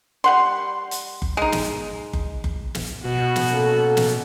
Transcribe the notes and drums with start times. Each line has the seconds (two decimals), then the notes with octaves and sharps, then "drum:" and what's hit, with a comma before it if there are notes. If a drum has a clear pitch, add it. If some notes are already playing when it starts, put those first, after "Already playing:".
0.24 G3 F#5 C6
0.91 drum: hi-hat
1.22 drum: kick F#1
1.37 G#3 D#4
1.52 drum: snare
2.13 drum: kick F#1
2.44 drum: kick F#1
2.75 drum: snare
3.05 B2 F#4
3.36 drum: snare
3.51 A#3 C#4 A4
3.97 drum: snare